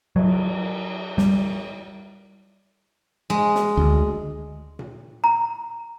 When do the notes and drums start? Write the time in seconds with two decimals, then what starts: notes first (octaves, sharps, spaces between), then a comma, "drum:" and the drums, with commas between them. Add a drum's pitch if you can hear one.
0.16 F#3, drum: cymbal
1.18 G3, drum: snare
3.30 G#3
3.55 drum: snare
3.77 D2
4.79 drum: tom A#2
5.24 A#5